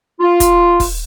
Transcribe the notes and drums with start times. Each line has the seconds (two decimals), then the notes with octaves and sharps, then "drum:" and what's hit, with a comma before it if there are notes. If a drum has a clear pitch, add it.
0.20 F4
0.40 drum: kick, hi-hat
0.80 drum: kick, open hi-hat